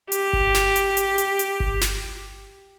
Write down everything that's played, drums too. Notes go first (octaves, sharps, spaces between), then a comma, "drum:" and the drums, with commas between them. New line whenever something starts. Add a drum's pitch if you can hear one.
G4, drum: hi-hat
drum: kick G1
drum: snare
drum: hi-hat
drum: hi-hat
drum: hi-hat
drum: hi-hat
drum: kick G1
drum: snare